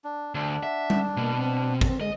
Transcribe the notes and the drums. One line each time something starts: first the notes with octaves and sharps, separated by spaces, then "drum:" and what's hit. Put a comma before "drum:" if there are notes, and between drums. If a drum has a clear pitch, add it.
D4
D2 D4
E5 F#5
drum: tom G3
B2 A#3
C4
drum: kick
G#3 D#5